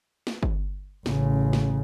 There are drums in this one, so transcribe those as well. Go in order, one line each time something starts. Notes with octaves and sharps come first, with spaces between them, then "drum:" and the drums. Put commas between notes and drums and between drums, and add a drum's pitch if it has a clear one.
drum: snare
drum: kick G1
A1 C#3, drum: snare
drum: snare